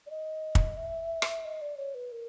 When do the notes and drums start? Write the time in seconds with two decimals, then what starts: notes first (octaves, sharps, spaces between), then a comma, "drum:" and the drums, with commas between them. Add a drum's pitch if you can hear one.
0.06 D5
0.10 D#5
0.55 drum: kick
0.77 E5
1.22 drum: rim click
1.45 D#5
1.61 D5
1.77 C#5
1.94 B4
2.12 A#4